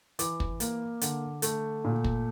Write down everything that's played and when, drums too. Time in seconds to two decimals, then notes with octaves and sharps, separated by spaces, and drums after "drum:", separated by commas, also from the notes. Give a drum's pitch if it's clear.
0.19 E3 D6, drum: hi-hat
0.40 drum: kick
0.60 A#3, drum: hi-hat
1.01 D3, drum: hi-hat
1.42 A3, drum: hi-hat
1.84 A#2
2.04 drum: kick